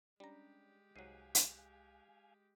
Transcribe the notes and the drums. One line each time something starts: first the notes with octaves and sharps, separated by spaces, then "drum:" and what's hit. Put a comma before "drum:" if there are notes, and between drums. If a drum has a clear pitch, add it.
G3 G#3 C#4 D4 G4 A#5
C2 G#2 F#3 F5 G#5 F#6
drum: hi-hat